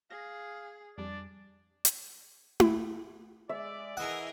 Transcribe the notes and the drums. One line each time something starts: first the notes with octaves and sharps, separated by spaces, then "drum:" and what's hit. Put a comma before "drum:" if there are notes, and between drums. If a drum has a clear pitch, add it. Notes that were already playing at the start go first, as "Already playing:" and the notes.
G#4 F5 A#6
F2 G3 D4 D5
drum: hi-hat
drum: tom E4
G#3 D5 E5
E3 E4 G#4 A#4 D#5 F#5